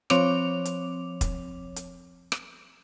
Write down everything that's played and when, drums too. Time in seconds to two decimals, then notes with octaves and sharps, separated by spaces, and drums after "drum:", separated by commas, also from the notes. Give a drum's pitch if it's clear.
0.10 F3 C4 C#5 D6 F7, drum: rim click
0.65 drum: hi-hat
1.21 drum: kick, hi-hat
1.76 drum: hi-hat
2.32 drum: rim click